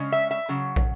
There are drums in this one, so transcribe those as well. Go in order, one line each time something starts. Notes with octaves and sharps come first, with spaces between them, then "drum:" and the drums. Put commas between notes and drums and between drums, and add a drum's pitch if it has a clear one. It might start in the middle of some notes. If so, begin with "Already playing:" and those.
Already playing: C#3 G#3 C#4
E5
E5
C#3 F#3
drum: kick